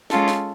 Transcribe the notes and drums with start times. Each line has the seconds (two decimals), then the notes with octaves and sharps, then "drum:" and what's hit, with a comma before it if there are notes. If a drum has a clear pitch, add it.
0.10 G#3 C#4 F4 A4, drum: snare
0.28 drum: snare